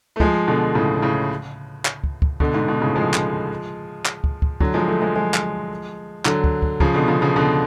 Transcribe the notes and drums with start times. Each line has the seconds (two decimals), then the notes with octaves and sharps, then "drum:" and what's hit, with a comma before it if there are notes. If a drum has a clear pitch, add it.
0.16 A3
0.20 F3 G#3, drum: kick
0.48 B2 D3
0.75 A2 C#3
1.02 A2 C#3
1.85 drum: clap
2.04 drum: kick
2.22 drum: kick
2.40 B2 D3, drum: kick
2.54 G#2
2.68 G#2 B2
2.81 A2 C#3
2.96 F3 G#3
3.14 drum: clap
4.05 drum: clap
4.24 drum: kick
4.42 drum: kick
4.60 D3 F#3, drum: kick
4.74 F3 G#3
4.88 F#3 A3
5.02 F3 G#3
5.15 F3 G#3
5.34 drum: clap
6.25 D3 F#3, drum: clap
6.44 drum: kick
6.62 drum: kick
6.80 C#3 F3, drum: kick
6.94 B2 D3
7.08 C#3 F3
7.22 C#3 F3
7.36 B2 D3